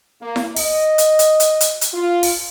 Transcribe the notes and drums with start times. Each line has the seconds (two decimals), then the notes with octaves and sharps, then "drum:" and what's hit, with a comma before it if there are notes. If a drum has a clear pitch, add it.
0.22 A#3
0.36 drum: snare E4
0.56 D#5, drum: open hi-hat
0.98 drum: hi-hat
1.19 drum: hi-hat
1.40 drum: hi-hat
1.61 drum: hi-hat
1.81 drum: hi-hat
1.94 F4
2.23 drum: open hi-hat